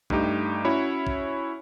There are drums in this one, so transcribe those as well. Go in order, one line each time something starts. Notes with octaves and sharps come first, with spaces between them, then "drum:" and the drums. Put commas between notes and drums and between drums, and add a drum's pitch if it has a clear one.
G2 A3 D#4 G4, drum: kick
C#4 E4 F#4 C#5 B5
drum: kick